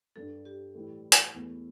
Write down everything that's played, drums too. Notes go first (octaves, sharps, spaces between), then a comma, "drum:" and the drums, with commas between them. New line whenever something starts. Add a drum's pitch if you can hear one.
G2 G3 D4 A4
G4
A2 E3 G3 E4
drum: hi-hat
E2 E3 A3 E4